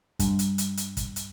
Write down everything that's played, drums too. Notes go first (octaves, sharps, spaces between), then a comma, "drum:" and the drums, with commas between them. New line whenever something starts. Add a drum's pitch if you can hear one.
G2, drum: kick, hi-hat
drum: hi-hat
drum: hi-hat
drum: hi-hat
drum: kick, hi-hat
drum: hi-hat